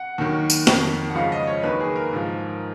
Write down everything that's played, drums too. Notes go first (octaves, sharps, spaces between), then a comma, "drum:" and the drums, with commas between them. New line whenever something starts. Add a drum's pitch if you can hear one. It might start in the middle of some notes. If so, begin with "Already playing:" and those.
Already playing: F#5
D#2 D#3 F#3
drum: tambourine
F2 D#3 F#3, drum: snare
F#5
C#2 C#3 F3 F5
D#5
C#5
D#2 D#3 F#3 B4
G#4
A#4
G#2 F3